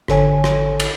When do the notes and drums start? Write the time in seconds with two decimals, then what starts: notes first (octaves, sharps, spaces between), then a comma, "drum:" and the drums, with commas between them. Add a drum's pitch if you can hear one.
0.08 G#1 D3 A4 C#5 G#5, drum: rim click
0.44 drum: rim click
0.80 drum: cymbal